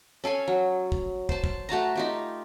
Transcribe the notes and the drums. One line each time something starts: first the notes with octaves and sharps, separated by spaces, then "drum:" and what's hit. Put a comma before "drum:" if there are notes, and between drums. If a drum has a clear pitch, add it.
C#4 A4 F5 G#5
F#3
drum: kick
C5 A5, drum: kick
drum: kick
A3 F#4 A5 A#5
D#4 F4 G4